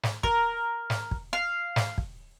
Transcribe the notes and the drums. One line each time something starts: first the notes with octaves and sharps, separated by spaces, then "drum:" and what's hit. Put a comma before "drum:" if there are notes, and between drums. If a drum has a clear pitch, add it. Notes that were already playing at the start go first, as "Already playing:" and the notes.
drum: snare
A#4, drum: kick
drum: snare
drum: kick
F5
drum: snare
drum: kick